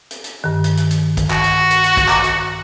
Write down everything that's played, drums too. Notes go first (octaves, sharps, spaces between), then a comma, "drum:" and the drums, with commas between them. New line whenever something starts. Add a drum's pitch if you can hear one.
drum: hi-hat
drum: hi-hat
G2 D#3
drum: hi-hat
drum: hi-hat
drum: hi-hat
drum: kick, hi-hat
F#4, drum: clap
drum: hi-hat
drum: hi-hat
drum: hi-hat
drum: kick, hi-hat
A#5 D6, drum: clap
drum: hi-hat